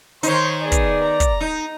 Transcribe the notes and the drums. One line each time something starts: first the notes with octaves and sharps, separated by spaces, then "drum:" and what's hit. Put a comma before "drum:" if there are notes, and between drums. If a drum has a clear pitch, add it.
D#3 D#4 C5 C#5 C6, drum: hi-hat
B3 G#4 D5
drum: kick, hi-hat
A#5
drum: kick, hi-hat
D#4